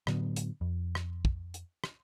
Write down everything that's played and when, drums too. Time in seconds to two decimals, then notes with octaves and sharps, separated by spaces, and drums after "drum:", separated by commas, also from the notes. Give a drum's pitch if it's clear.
0.07 A2 D3 F#3 B3, drum: rim click
0.36 drum: hi-hat
0.61 F2
0.95 drum: rim click
1.25 drum: kick
1.54 drum: hi-hat
1.84 drum: rim click